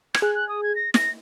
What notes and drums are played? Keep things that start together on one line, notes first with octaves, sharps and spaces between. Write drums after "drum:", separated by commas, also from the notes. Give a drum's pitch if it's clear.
G#6, drum: rim click
G#4 F#6
F#6
D#6
G#6
A#6
A#6, drum: snare